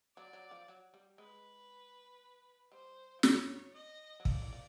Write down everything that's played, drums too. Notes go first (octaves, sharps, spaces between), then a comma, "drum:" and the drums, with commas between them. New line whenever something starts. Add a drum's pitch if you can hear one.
F#3 D5
F#3
F3
F#3
G3
G#3 B4
G3 C5
F3
F#3 C#5, drum: snare
D#5
F#3
F3 D5, drum: kick
E3
F3